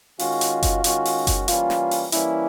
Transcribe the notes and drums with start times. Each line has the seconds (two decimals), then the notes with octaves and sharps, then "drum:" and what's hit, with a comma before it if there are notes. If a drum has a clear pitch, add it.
0.19 D#3 G#3 C#4 F4 F#4, drum: open hi-hat
0.41 drum: hi-hat
0.63 drum: kick F#1, hi-hat
0.84 D#3 G#3 C#4 F#4, drum: hi-hat
1.05 drum: open hi-hat
1.27 drum: kick F#1, hi-hat
1.48 E3 G3 A#3 C#4 F4, drum: hi-hat
1.70 drum: snare
1.91 drum: open hi-hat
2.12 E3 G3 A#3 C#4 E4, drum: hi-hat